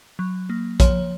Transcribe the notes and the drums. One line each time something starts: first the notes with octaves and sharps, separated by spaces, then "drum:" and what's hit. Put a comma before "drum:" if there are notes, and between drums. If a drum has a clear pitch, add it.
F#3
A#3
F3 C#5, drum: kick A#1, hi-hat